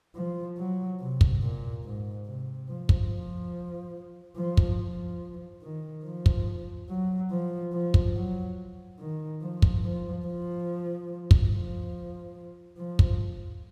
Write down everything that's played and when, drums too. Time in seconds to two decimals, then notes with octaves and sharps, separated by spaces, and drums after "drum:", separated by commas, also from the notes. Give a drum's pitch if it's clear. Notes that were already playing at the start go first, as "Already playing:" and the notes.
0.15 F3
0.57 F#3
1.00 C3
1.21 drum: kick
1.42 A#2
1.84 G#2
2.26 C3
2.68 F3
2.89 drum: kick
3.11 F3
4.36 F3
4.57 drum: kick
4.78 F3
5.63 D#3
6.04 F3
6.26 drum: kick
6.89 F#3
7.31 F3
7.73 F3
7.94 drum: kick
8.16 F#3
8.99 D#3
9.42 F3
9.62 drum: kick
9.83 F3
10.26 F3
11.31 drum: kick
11.52 F3
12.78 F3
12.99 drum: kick